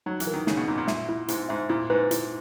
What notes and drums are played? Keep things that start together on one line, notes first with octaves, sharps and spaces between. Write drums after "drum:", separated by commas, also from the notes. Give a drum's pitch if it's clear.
F#3 D#4
E3, drum: hi-hat
A#4
D#3
C#3 D#4, drum: snare
B2
A#2 D#4
A#2
E5, drum: snare
E4
G#2 E4, drum: hi-hat
G#2 E5
A#2 E4
G#2 B4
E4, drum: hi-hat